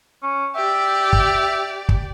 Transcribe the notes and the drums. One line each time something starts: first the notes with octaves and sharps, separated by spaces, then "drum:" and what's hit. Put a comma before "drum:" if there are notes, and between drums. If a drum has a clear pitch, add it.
C#4
G4 D5 E5
drum: kick
drum: kick